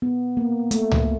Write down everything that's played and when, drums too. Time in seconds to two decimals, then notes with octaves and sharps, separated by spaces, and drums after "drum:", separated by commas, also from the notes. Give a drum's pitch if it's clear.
0.02 B3
0.37 A#3
0.71 A3, drum: hi-hat
0.92 drum: tom C#2